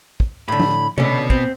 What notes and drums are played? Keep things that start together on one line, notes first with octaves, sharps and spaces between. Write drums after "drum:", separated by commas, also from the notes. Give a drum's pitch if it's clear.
drum: kick
A2 D3 B5
drum: tom F3
B2 D3 B3 C#4, drum: tom C3
C4, drum: kick